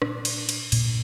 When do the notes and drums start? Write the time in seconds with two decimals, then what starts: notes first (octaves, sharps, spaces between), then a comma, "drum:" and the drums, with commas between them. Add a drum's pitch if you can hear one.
0.02 A#2 D4, drum: rim click
0.25 drum: cymbal
0.49 drum: cymbal
0.72 A#2, drum: cymbal